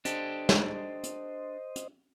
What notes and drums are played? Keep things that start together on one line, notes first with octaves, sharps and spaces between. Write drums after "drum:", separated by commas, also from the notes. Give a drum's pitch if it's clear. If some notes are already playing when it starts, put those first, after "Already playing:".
D4 G4 A4 C5 D#5, drum: hi-hat
drum: snare
drum: hi-hat
drum: hi-hat